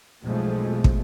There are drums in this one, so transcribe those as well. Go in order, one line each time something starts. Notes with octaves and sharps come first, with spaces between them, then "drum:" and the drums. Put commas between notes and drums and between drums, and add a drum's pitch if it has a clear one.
B1 F2 B2 F3 G#3 A3
drum: kick